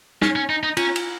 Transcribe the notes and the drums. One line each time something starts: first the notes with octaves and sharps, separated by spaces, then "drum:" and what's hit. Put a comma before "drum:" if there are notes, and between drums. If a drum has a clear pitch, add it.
C#4 D#4, drum: snare
C#4
D#4
D#4
C#4 F4, drum: cymbal
drum: cymbal